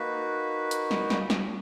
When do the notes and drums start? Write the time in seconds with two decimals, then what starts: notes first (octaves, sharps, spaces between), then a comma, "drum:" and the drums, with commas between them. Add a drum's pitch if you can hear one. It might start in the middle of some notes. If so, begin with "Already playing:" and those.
Already playing: A#3 D#4 F#4 B4
0.71 drum: hi-hat
0.91 drum: snare
1.10 drum: snare
1.30 drum: snare